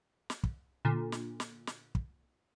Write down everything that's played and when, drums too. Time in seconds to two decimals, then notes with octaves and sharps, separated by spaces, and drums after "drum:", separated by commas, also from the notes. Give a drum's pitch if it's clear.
0.30 drum: snare
0.43 drum: kick
0.85 A#2 D3
1.12 drum: snare
1.40 drum: snare
1.67 drum: snare
1.95 drum: kick